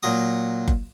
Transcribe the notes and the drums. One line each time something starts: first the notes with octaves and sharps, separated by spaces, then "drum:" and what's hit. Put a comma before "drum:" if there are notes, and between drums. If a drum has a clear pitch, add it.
A#2 F#3 A#5 D#6
drum: kick F#1